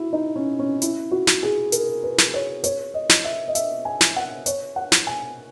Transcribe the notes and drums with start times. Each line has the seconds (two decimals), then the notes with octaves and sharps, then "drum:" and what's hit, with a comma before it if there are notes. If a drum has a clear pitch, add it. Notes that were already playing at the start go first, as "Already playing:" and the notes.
Already playing: E4 F#4
0.13 D#4
0.36 C#4
0.59 C#4
0.82 E4, drum: hi-hat
1.11 F#4
1.27 drum: snare
1.43 G#4
1.72 A#4, drum: hi-hat
2.04 B4
2.18 drum: snare
2.34 C#5
2.64 C#5, drum: hi-hat
2.94 D#5
3.09 drum: snare
3.24 E5
3.48 D#5
3.55 E5, drum: hi-hat
3.85 G#5
4.01 drum: snare
4.16 F#5
4.46 C#5, drum: hi-hat
4.76 F#5
4.92 drum: snare
5.07 G#5